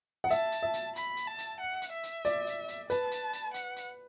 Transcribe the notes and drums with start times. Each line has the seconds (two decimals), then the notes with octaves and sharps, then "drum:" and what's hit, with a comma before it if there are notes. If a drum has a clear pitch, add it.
0.24 F#5
0.31 E5 A5, drum: hi-hat
0.52 drum: hi-hat
0.63 E5
0.73 drum: hi-hat
0.96 B5, drum: hi-hat
1.17 drum: hi-hat
1.27 A5
1.38 drum: hi-hat
1.60 F#5
1.82 drum: hi-hat
1.93 E5
2.03 drum: hi-hat
2.25 D5, drum: hi-hat
2.47 drum: hi-hat
2.68 drum: hi-hat
2.90 B4 A5, drum: hi-hat
3.11 drum: hi-hat
3.33 drum: hi-hat
3.54 F#5, drum: hi-hat
3.76 drum: hi-hat